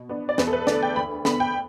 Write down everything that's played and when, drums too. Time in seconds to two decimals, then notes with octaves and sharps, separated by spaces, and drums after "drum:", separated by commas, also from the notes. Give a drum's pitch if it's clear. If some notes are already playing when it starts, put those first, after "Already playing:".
Already playing: B2
0.09 B3 D4
0.29 D5
0.38 E2 B4, drum: snare
0.47 A4
0.53 B4
0.67 D3 A3 D5, drum: snare
0.83 G5
0.96 D2 B5
1.25 D3 B3 D4 B5, drum: snare
1.40 G5